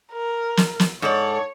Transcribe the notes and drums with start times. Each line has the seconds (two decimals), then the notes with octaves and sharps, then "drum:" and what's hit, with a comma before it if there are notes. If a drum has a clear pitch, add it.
0.13 A#4
0.57 drum: snare
0.80 drum: snare
1.02 G#2 A4 C#5 D5